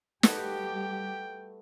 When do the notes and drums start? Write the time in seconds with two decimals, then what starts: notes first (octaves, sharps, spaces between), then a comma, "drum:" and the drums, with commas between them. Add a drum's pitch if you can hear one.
0.23 G3 A3 B3 F#4 G4 G5, drum: snare